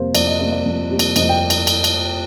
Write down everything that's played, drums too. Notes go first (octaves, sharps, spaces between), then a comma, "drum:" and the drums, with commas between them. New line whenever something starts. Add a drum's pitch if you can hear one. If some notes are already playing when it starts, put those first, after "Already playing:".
Already playing: F2 C3 G3 A#3 A#4 C5
F2 D5, drum: cymbal
D#5
C3 G3 A#3 D5
D5
F2
C3 G3 A#3
drum: cymbal
F2 D#5, drum: cymbal
G5
drum: cymbal
drum: cymbal
drum: cymbal